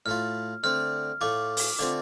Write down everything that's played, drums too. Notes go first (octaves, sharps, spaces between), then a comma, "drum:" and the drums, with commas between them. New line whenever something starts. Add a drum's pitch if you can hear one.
A2 A3 F4 F6
D3 A3 C4 F6
A2 A3 F4 D6
drum: open hi-hat
D3 A3 C4 F4 D6